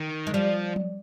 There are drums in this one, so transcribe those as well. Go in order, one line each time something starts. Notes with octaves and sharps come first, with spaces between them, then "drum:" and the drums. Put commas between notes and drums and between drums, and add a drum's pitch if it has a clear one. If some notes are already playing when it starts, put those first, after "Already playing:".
Already playing: D#3
G#3
F3 G3
drum: tom F3